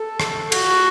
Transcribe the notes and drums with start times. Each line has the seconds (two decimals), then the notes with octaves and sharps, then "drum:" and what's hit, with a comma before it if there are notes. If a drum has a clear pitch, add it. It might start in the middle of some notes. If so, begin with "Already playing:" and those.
Already playing: A4
0.20 drum: rim click
0.52 F#4, drum: cymbal